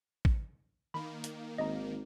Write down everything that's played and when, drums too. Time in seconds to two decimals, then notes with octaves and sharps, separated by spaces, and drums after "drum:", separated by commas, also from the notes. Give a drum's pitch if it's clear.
0.25 drum: kick
0.94 D#3 A#3 B5
1.24 drum: hi-hat
1.58 G#1 D#5 A#5